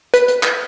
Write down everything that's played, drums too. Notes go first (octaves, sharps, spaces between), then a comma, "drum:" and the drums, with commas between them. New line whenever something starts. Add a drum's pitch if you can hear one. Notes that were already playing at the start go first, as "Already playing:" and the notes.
B4, drum: hi-hat
drum: hi-hat
drum: clap